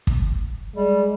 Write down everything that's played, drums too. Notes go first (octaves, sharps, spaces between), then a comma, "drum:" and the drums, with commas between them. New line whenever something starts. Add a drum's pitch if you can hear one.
drum: kick
G3 G#3